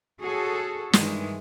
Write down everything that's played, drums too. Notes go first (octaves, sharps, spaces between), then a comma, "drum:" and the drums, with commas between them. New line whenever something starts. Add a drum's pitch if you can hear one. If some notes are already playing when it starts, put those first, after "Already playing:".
F#4 G#4 A4 C#5
G2 D#3 E3 G#3, drum: snare